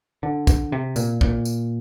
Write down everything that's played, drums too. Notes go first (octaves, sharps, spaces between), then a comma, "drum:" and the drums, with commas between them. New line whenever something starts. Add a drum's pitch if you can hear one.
D3
drum: kick, tambourine
C3
A#2, drum: tambourine
A#2, drum: kick
drum: tambourine